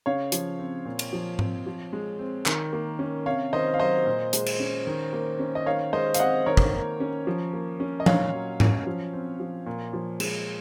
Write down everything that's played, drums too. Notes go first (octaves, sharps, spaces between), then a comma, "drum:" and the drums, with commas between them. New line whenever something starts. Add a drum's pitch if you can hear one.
C#3 C#5 F5
F3, drum: hi-hat
C4
A#2
drum: cymbal
F3
C4, drum: tom G#2
F3
G#3
C4
D#3, drum: clap
A#3
C#4
C3 C#5 F5
D#3 C5 D#5
F5
F#3 C5 D#5
A#2
G#3, drum: hi-hat
drum: cymbal
C#4
D#3
A#3
C#4
D#5
D#3 C#5 F5
G#3 C5 D#5
F5, drum: hi-hat
C4 D#5 F#5
D#3 A#4 C#5
drum: kick
A#3
C#4
F3
A#3
C#4
D#5
A#2 C#5 F5, drum: tom F3
F#3
C#4, drum: tom G#2
F3
C4
F3
A#2
F3
G#3, drum: cymbal